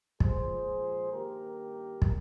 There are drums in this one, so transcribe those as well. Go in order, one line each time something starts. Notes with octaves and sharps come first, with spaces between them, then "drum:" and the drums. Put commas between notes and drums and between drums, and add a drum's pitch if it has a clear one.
A#2 F3 G#3 G#4 C5, drum: kick
G2 D#3 A#3 G4 A#4
drum: kick